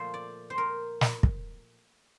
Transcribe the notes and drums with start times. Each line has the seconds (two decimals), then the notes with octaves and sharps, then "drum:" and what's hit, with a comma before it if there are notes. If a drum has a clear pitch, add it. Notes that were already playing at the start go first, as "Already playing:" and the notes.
Already playing: A#2 F3 A3 C5
0.14 D5
0.50 C5
0.58 A#4
1.01 drum: snare
1.23 drum: kick